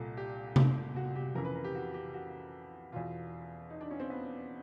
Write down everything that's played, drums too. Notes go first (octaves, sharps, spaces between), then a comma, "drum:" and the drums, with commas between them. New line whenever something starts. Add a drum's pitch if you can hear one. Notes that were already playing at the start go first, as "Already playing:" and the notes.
Already playing: C2 A#2 A4
G4
drum: tom C3
F#4
G4
F2 C#3 E3 A#4
B4
A#4
G4
F#4
G4
F#4
E2 B2 F4
D#4
D4
C#4
C4
B3